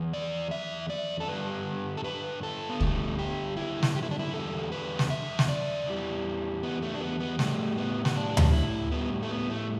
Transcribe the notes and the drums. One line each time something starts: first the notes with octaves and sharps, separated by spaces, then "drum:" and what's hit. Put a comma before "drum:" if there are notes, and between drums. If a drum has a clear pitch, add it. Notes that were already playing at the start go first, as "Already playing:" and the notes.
Already playing: E2 E3
D5
E5
D5
A4
G2 D3 G3 B4
A4
B4
A4
B3
G2 D3 G3 A3, drum: kick C#2
G4
E4
drum: snare
G4
E4
D4
E4
E2 D3 G3 A4
B4
drum: snare
E5
drum: snare
D5
E2 E3 G3
B3
A3
D4
B3
B3
A2 G3 A3, drum: snare
B3
B3, drum: snare
D4
drum: tom D2
E4
A2 G3 B3
A3
B3
A3